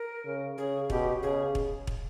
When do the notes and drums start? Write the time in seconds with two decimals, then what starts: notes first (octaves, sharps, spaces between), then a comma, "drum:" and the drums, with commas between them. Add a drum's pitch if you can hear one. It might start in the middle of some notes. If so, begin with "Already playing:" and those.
Already playing: A#4
0.25 C#3
0.58 C#3 G#4
0.90 B2 G4, drum: kick
1.23 C#3 G#4
1.55 drum: kick
1.87 drum: kick